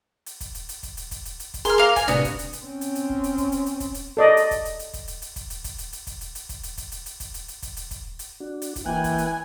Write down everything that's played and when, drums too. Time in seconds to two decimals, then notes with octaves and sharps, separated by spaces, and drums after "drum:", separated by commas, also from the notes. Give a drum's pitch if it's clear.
0.26 drum: hi-hat
0.40 drum: kick, hi-hat
0.55 drum: hi-hat
0.69 drum: hi-hat
0.83 drum: kick, hi-hat
0.97 drum: hi-hat
1.11 drum: kick, hi-hat
1.25 drum: hi-hat
1.40 drum: hi-hat
1.54 drum: kick, hi-hat
1.65 G#4 A#4 G#5 C6 F6, drum: hi-hat
1.78 A#3 F5 A#5
1.96 G#5, drum: kick, hi-hat
2.08 A2 C3 B3 D4 F#4, drum: hi-hat
2.25 drum: kick, hi-hat
2.39 drum: hi-hat
2.53 drum: hi-hat
2.62 C4 C#4
2.81 drum: hi-hat
2.95 drum: hi-hat
3.09 drum: kick
3.24 drum: hi-hat
3.38 drum: kick, hi-hat
3.52 drum: hi-hat
3.66 drum: hi-hat
3.80 drum: kick, hi-hat
3.94 drum: hi-hat
4.17 A4 D5 D#5
4.37 drum: hi-hat
4.51 drum: kick, hi-hat
4.65 drum: hi-hat
4.79 drum: hi-hat
4.94 drum: kick, hi-hat
5.08 drum: hi-hat
5.22 drum: hi-hat
5.36 drum: kick, hi-hat
5.50 drum: hi-hat
5.64 drum: kick, hi-hat
5.78 drum: hi-hat
5.93 drum: hi-hat
6.07 drum: kick, hi-hat
6.21 drum: hi-hat
6.35 drum: hi-hat
6.49 drum: kick, hi-hat
6.63 drum: hi-hat
6.78 drum: kick, hi-hat
6.92 drum: hi-hat
7.06 drum: hi-hat
7.20 drum: kick, hi-hat
7.34 drum: hi-hat
7.48 drum: hi-hat
7.62 drum: kick, hi-hat
7.77 drum: hi-hat
7.91 drum: kick, hi-hat
8.19 drum: hi-hat
8.40 D4 F#4
8.62 drum: hi-hat
8.76 drum: kick, hi-hat
8.86 E3 A#3 G5 G#5 F#6
9.04 drum: kick, hi-hat
9.18 drum: hi-hat